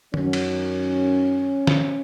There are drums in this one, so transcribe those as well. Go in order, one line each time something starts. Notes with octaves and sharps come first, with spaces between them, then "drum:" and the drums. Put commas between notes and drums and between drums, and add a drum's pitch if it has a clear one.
F#2 D#3 F#3 C#4, drum: tom
drum: cymbal
drum: snare